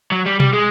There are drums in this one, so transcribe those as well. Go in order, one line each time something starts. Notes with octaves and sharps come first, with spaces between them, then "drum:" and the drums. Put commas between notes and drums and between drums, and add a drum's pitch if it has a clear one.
F#3
G3
G3, drum: tom B2
G#3